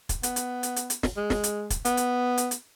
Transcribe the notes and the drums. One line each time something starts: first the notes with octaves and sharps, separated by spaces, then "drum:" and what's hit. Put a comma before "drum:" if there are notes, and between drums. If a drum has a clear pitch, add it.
drum: kick, hi-hat
B3, drum: hi-hat
drum: hi-hat
drum: hi-hat
drum: hi-hat
drum: hi-hat
drum: snare
G#3
drum: snare
drum: hi-hat
drum: kick, hi-hat
B3, drum: hi-hat
drum: hi-hat
drum: hi-hat
drum: hi-hat